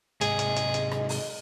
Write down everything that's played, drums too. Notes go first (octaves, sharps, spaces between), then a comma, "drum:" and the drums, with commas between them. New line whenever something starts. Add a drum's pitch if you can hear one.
G#2 C3 G#3 G#4, drum: hi-hat
drum: hi-hat
drum: hi-hat
drum: hi-hat
drum: rim click
drum: open hi-hat